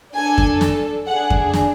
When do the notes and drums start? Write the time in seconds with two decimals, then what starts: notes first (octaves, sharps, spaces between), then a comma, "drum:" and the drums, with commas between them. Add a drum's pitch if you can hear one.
0.14 D4 A4 G#5
0.38 drum: kick F2
0.61 drum: snare
1.07 D4 G#4 F#5
1.30 drum: kick F2
1.53 drum: snare